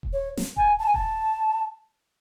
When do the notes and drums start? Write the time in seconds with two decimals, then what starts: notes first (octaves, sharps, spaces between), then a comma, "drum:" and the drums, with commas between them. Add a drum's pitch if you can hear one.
0.03 drum: kick D#1
0.13 C#5
0.37 drum: snare
0.57 G#5, drum: kick D#1
0.79 A5
0.86 G#5
0.94 A5, drum: kick D#1